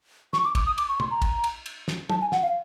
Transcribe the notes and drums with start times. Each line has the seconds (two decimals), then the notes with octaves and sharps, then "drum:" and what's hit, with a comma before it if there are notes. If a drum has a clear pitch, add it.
0.33 C#6, drum: snare
0.44 D6
0.55 D6, drum: kick, cymbal
0.66 D#6
0.78 D6, drum: cymbal
0.89 C#6
1.00 C6, drum: tom
1.11 A#5
1.22 drum: kick, cymbal
1.44 drum: cymbal
1.66 drum: cymbal
1.88 drum: snare
2.10 A5, drum: tom
2.21 G#5
2.32 F#5, drum: snare
2.43 F5